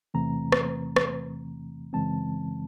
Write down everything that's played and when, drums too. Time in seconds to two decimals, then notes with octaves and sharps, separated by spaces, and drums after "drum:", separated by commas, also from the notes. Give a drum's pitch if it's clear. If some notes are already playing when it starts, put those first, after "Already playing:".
0.14 E2 C3 E3 A3 C4 A#5
0.52 drum: rim click
0.96 drum: rim click
1.93 F#2 C#3 E3 G#3 C4 A5